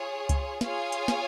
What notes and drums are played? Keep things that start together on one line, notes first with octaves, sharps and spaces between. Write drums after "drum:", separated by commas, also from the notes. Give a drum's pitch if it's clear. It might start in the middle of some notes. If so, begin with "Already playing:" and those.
Already playing: F4 G#4 C#5
drum: kick C#2, hi-hat
F4 G#4 C#5 F5 G#5, drum: snare
drum: hi-hat
drum: snare